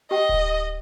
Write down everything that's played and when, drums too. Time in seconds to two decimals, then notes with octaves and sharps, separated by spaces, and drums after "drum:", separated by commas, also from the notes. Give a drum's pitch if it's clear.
0.11 G4 D#5 G5
0.29 drum: kick D1